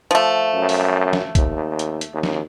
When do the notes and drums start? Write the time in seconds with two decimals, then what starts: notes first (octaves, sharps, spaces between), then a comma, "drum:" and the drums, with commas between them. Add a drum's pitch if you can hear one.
0.11 F3 A3
0.55 F#2
0.69 drum: open hi-hat
1.13 drum: snare
1.35 D#2, drum: kick, hi-hat
1.79 drum: hi-hat
2.01 drum: hi-hat
2.13 D#2
2.23 drum: snare